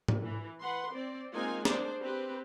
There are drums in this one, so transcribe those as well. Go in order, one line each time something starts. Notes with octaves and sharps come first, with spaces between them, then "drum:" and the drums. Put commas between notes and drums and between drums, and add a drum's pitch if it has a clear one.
drum: tom
E3
B4 F#5 C6
C4 D5
G#3 A#3 C4 D#4 F4 G#5
D4 G#4 C5 D5, drum: snare C4
C4 G4 B4